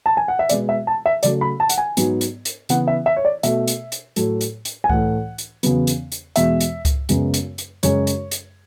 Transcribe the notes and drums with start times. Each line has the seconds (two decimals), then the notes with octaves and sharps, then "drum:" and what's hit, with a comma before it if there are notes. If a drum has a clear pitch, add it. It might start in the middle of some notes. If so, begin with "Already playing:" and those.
0.06 A5
0.17 G#5
0.28 F#5
0.39 E5
0.49 B2 G#3 B3 D5, drum: hi-hat
0.69 E5
0.87 A5
1.06 E5
1.23 C#3 F#3 A3 D5, drum: hi-hat
1.41 B5
1.60 A5
1.69 F#5, drum: hi-hat
1.78 G#5
1.97 G#2 F#3 B3, drum: hi-hat
2.21 drum: hi-hat
2.45 drum: hi-hat
2.69 C#3 E3 B3 F#5, drum: hi-hat
2.87 E5
3.06 E5
3.16 C#5
3.25 D5
3.43 B2 A3 E5, drum: hi-hat
3.67 drum: hi-hat
3.92 drum: hi-hat
4.16 A2 F#3 A3, drum: hi-hat
4.41 drum: hi-hat
4.65 drum: hi-hat
4.84 G#5
4.89 A2 E3 A3 F#5, drum: kick C#2
5.38 drum: hi-hat
5.63 E2 C#3 F#3 B3, drum: hi-hat
5.87 drum: hi-hat
6.12 drum: hi-hat
6.36 E2 B2 G#3 E5, drum: hi-hat
6.60 drum: hi-hat
6.85 drum: kick C#2, hi-hat
7.09 F#2 C#3 G#3 B3, drum: hi-hat
7.34 drum: hi-hat
7.58 drum: hi-hat
7.83 F#2 C#3 G#3 C#5, drum: hi-hat
8.07 drum: hi-hat
8.31 drum: hi-hat